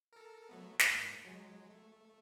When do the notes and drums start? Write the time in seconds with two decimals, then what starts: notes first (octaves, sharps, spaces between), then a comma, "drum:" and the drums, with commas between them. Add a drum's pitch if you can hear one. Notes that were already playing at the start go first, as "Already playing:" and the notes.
0.13 A4 A#4
0.49 F#3 A3 B3
0.79 drum: snare
0.89 G#2 A#3
1.25 F#3 G#3
1.70 A3